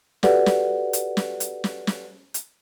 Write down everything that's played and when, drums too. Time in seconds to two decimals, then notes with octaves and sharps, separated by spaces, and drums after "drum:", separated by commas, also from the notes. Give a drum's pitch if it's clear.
0.23 F#4 G4 A4 B4 D5 F#5, drum: snare
0.46 drum: snare
0.93 drum: hi-hat
1.17 drum: snare
1.40 drum: hi-hat
1.64 drum: snare
1.87 drum: snare
2.34 drum: hi-hat